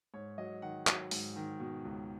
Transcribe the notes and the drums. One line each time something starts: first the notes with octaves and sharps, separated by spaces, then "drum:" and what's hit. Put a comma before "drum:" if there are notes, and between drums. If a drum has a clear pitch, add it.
G#2 C#5
F#3 D#5
D#3 F#5
F#3, drum: clap
G#2, drum: open hi-hat
D#3
B2
C#2